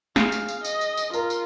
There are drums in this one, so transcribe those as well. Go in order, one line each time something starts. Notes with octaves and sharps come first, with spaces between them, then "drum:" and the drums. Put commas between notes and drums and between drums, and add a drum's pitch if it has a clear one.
G#4 F5, drum: snare
drum: tambourine
drum: tambourine
D#5, drum: tambourine
drum: tambourine
drum: tambourine
F4 A#4, drum: tambourine
drum: tambourine